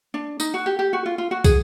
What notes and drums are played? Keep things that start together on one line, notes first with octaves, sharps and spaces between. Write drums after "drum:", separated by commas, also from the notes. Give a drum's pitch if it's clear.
D4
D#4, drum: tambourine
F#4
G4
G4
F#4
F4
F4
F#4
G#4, drum: kick, tambourine